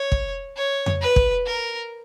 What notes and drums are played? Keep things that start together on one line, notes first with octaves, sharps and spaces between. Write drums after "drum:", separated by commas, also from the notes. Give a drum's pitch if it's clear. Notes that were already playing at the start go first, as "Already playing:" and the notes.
Already playing: C#5
drum: kick
C#5
drum: tom F2
B4
drum: kick
A#4